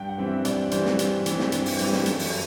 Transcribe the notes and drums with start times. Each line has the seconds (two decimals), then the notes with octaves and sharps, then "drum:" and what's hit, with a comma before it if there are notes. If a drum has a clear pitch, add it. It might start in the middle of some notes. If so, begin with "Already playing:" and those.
Already playing: G2 G5
0.09 F#5
0.18 E3 G3 C4
0.27 E5
0.45 G2 D5, drum: hi-hat
0.71 E3 G3 C4 C5, drum: hi-hat
0.85 drum: snare
0.99 G2, drum: hi-hat
1.26 E3 G3 C4, drum: hi-hat
1.39 drum: snare
1.52 G2, drum: hi-hat
1.66 drum: open hi-hat
1.79 E3 G3 C4, drum: hi-hat
1.92 drum: snare
2.06 F#2 A4, drum: hi-hat
2.19 drum: open hi-hat